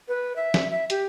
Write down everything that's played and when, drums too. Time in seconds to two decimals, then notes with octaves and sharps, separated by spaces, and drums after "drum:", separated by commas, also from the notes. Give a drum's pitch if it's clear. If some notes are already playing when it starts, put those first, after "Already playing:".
0.08 B4
0.36 E5
0.54 drum: snare
0.71 E5
0.90 G4, drum: hi-hat